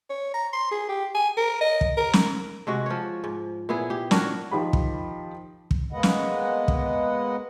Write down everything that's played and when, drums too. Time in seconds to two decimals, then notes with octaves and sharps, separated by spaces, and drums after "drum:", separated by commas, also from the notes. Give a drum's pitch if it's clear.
0.10 C#5
0.34 A#5
0.53 C6
0.71 G#4
0.89 G4
1.15 G#5
1.37 A#4
1.61 D#5
1.81 drum: kick
1.97 A#4
2.13 drum: snare
2.67 C3 G#3 F#4
2.86 F3 C#5
3.24 G#2
3.69 A#2 B3 E4 G#4
3.90 G4
4.11 D4 F#4 A#4 C#5, drum: snare
4.51 D#3 F3 G4 B5
4.73 drum: kick
5.71 drum: kick
5.93 G#3 A#3 B3 B4 D#5 F#5
6.03 drum: snare
6.68 drum: kick